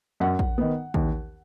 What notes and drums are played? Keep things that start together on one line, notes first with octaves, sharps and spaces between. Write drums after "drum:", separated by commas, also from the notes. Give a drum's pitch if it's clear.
F#2 F#5
drum: kick
D#3 B3
D#2, drum: kick